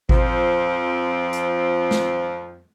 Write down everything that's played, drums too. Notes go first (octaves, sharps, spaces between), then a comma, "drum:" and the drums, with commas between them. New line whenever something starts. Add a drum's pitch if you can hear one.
F2 F3 C4, drum: kick G#1
drum: hi-hat
drum: snare